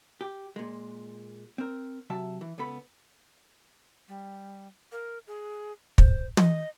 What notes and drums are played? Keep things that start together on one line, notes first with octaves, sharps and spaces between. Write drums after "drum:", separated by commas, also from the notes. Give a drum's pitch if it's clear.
G4
A#2 G#3
C4 A#4
C3 F#3 E5 A5
E3
C#2 B3 A4 B5
G3
A#4
G#4
C5, drum: kick
D#5, drum: tom